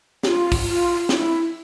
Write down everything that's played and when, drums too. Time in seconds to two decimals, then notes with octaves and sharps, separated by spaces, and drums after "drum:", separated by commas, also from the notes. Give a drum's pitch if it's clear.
0.23 G4, drum: snare
0.27 F4
0.52 drum: kick, open hi-hat
0.67 F4
1.09 E4, drum: snare